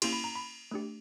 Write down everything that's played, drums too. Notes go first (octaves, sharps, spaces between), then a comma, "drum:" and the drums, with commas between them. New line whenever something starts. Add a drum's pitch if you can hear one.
A#3 C#4 E4 G4 C6, drum: cymbal
B5
A#5
B5
A3 D4 G4